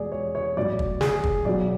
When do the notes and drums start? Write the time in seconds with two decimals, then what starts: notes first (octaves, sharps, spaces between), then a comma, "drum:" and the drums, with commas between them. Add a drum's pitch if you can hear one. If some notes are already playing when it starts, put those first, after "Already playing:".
Already playing: E2 B2 G#3 G#4 D5
0.12 C#5
0.35 C#5
0.57 B1 A2 F#3 D5
0.79 drum: kick
1.01 G#4, drum: snare
1.23 drum: kick
1.45 B1 B2 F#3 D5